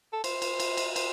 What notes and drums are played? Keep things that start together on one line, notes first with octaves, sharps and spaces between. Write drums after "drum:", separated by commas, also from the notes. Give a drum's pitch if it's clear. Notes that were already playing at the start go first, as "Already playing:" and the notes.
A4
C5, drum: cymbal
drum: cymbal
drum: cymbal
drum: cymbal
C5, drum: cymbal